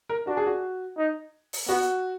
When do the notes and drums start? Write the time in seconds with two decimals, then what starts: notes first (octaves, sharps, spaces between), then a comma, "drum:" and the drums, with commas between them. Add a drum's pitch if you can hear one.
0.09 A#4
0.27 D4 F#4
0.37 G#4
0.46 F#4
0.98 D#4
1.53 drum: open hi-hat
1.68 B3 F#4